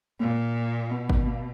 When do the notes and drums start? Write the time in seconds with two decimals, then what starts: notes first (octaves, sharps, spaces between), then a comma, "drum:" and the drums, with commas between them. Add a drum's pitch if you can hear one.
0.20 A#2 A#3
0.91 B2 B3
1.09 B3, drum: kick G#1
1.26 A#3